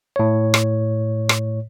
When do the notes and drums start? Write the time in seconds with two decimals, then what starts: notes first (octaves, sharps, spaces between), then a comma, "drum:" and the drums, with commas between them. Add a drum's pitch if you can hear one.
0.16 A2 C#5
0.54 drum: rim click
1.29 drum: rim click